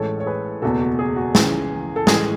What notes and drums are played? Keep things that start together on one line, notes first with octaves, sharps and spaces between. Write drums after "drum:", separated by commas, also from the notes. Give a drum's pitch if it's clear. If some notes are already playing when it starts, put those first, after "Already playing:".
Already playing: A1 A2 E3 G#3 A4 C#5
C#5
G#4 B4
F#1 E2 B2 F#4 A4
F#4
G#4
F#4
C#2 C#3 E3 G#4, drum: snare
A4
A1 A2 E3 G#3 G#4, drum: snare